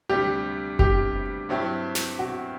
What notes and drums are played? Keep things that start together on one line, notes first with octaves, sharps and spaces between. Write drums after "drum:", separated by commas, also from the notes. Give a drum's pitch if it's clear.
D2 C3 G3 G4
G4, drum: kick F#1
G2 F#3 C4 E4 G4
drum: snare
F#4